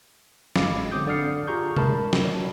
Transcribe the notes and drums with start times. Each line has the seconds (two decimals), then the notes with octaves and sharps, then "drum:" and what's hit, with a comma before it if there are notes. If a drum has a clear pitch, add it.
0.56 G1 G#3 F5 B5 D6, drum: snare
0.91 D3 F#3 C4 D6 D#6 G6
1.07 D3 D5 D#6 F6 C7 C#7
1.47 F4 G4 G#4 A#5 C#6 G6
1.77 A#4 A5 B5, drum: tom C3
2.13 drum: snare
2.24 F#3 D5